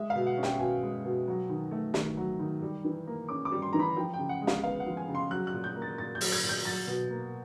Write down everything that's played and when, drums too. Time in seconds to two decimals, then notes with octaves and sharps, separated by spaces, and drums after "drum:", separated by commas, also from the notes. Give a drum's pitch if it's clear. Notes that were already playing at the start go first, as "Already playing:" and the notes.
Already playing: G#3 E5
0.10 F5
0.15 B2
0.27 F#5
0.38 C#4
0.43 G5, drum: snare
0.59 B2 G#5
0.83 G#3
1.05 B2
1.28 F#3
1.50 D#3
1.71 A3
1.94 D#3, drum: snare
2.17 F#3
2.39 D#3
2.62 G3
2.84 E3
3.07 A#3
3.29 C#4 D6
3.45 D6
3.52 G3
3.62 C6
3.73 E3 A#5
3.79 B5
3.96 F3 G5
4.14 C#3 G5
4.29 F#5
4.42 G#3
4.47 F5, drum: snare
4.63 B3 F5
4.80 F#5
4.86 F3
4.97 G#5
5.08 C#3
5.15 C6
5.31 F#3 F#6
5.47 F#6
5.54 A#2
5.64 G6
5.75 A#3
5.82 A6
5.98 A#2 A6
6.15 G6
6.21 F#3, drum: open hi-hat
6.32 G#6
6.43 A#2
6.49 G6
6.65 F#3 A6
6.87 B2
7.10 A#3